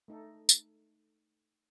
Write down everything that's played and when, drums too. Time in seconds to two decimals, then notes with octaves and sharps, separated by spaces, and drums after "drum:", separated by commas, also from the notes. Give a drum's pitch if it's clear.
0.08 A3 D#4 A4
0.49 drum: tambourine